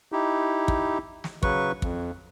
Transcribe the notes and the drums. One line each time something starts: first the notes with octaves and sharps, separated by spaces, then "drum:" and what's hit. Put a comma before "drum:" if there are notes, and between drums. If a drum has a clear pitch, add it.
D#4 E4 G4
drum: kick
drum: snare
C#3 F#3 B4 C#6, drum: kick
F2, drum: kick